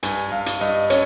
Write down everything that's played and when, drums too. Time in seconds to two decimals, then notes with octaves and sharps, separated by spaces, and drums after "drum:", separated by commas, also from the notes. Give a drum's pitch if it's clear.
0.03 G2 G#5, drum: hi-hat
0.32 G2 F5
0.46 drum: hi-hat
0.61 G2 D#5
0.90 C#4 C#5, drum: hi-hat